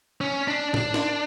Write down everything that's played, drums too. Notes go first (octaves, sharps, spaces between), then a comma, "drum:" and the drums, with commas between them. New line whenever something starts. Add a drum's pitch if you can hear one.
C#4
D4
D4, drum: tom A2
drum: snare